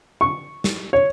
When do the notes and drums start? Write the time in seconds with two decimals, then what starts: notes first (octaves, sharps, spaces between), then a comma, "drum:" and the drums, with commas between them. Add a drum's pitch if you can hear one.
0.21 C#6
0.64 drum: snare
0.93 C#5